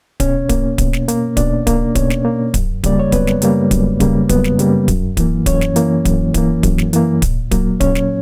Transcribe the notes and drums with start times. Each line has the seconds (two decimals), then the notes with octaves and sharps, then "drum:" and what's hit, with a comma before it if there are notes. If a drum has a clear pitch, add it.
0.20 B2 C#4 C#5, drum: kick D1, hi-hat
0.49 A#3, drum: kick D1, hi-hat
0.78 B2, drum: kick D1, hi-hat
0.93 drum: snare
1.08 A#3, drum: hi-hat
1.37 B2 D4 D5, drum: kick D1, hi-hat
1.67 A#3, drum: kick D1, hi-hat
1.95 B2 C#4 C#5, drum: kick D1, hi-hat
2.10 drum: snare
2.25 A#3
2.54 F#2, drum: kick D1, hi-hat
2.84 C#3 G3 A#3 D5, drum: kick D1, hi-hat
3.00 C#5
3.12 F#2 B3 B4, drum: kick D1, hi-hat
3.27 drum: snare
3.42 C#3 G3 A#3, drum: hi-hat
3.71 F#2, drum: kick D1, hi-hat
4.00 C#3 G3 A#3, drum: kick D1, hi-hat
4.29 F#2 B3 B4, drum: kick D1, hi-hat
4.44 drum: snare
4.59 C#3 G3 A#3, drum: hi-hat
4.88 F#2, drum: kick D1, hi-hat
5.17 E3 A#3, drum: kick D1, hi-hat
5.46 F#2 C#4 C#5, drum: kick D1, hi-hat
5.61 drum: snare
5.76 E3 A#3, drum: hi-hat
6.05 F#2, drum: kick D1, hi-hat
6.34 E3 A#3, drum: kick D1, hi-hat
6.63 F#2, drum: kick D1, hi-hat
6.78 drum: snare
6.93 E3 A#3, drum: hi-hat
7.22 A#2, drum: kick D1, hi-hat
7.51 F#3 A#3, drum: kick D1, hi-hat
7.80 A#2 C#4 C#5, drum: kick D1, hi-hat
7.95 drum: snare